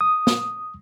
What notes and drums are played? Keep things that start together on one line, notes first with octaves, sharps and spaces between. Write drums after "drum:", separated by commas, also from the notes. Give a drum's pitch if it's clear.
D#6
drum: snare